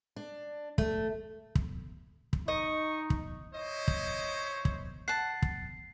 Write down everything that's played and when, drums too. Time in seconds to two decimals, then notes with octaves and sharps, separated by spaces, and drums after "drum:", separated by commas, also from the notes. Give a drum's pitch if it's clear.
0.16 D4
0.78 A3, drum: kick
1.55 drum: kick
2.33 drum: kick
2.48 D#4 D#5 C#6
3.10 drum: kick
3.54 D#4 E4 C5 C#5 D#5
3.88 drum: kick
4.65 drum: kick
5.08 F#5 A5 C7
5.42 drum: kick